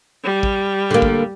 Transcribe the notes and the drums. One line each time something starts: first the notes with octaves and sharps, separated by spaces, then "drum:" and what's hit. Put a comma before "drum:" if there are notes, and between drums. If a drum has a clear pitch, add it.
G3
drum: kick
D3 A#3
drum: kick